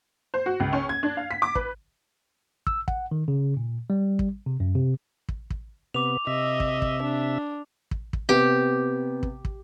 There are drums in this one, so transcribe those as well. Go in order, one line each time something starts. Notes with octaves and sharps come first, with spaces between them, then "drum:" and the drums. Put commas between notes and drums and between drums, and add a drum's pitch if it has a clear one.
C5
F#4
C#2
C#4
G#6
D4
F5
B6
D6
B4, drum: kick
E6, drum: kick
F#5, drum: kick
D#3
C#3
A#2
G3
drum: kick
C3
F#2
C3
drum: kick
drum: kick
C3 B3 D6 F7
C3 D#5 E5
drum: kick
drum: kick
D4
drum: kick
drum: kick
C3 B3 G4
drum: kick
drum: kick